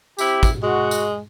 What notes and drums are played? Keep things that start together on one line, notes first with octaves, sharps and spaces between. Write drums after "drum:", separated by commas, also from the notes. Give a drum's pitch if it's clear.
C4 E4 G4, drum: tambourine
drum: kick, tambourine
G#3 F#4
drum: tambourine